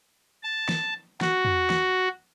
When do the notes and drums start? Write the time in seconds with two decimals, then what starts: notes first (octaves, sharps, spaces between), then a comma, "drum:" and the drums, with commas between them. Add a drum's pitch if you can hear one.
0.43 A5
0.69 drum: snare
1.21 F#4, drum: snare
1.45 drum: tom
1.70 drum: snare